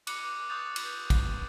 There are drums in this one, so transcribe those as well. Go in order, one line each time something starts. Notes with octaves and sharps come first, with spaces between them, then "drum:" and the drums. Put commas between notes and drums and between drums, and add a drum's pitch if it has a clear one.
D6 F#6 C#7 F#7, drum: cymbal
C#6 D#6 F#6 G6 A6 F7
drum: cymbal
drum: kick, cymbal